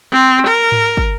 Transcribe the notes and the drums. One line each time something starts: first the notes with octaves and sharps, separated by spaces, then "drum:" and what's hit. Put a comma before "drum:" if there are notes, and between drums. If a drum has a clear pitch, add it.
C4
A#4
drum: tom G#2
drum: kick